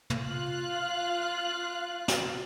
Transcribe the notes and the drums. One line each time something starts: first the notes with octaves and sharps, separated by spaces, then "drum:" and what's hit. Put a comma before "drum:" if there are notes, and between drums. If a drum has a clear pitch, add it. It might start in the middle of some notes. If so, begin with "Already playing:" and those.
drum: tom
F4 F5 F#6
drum: snare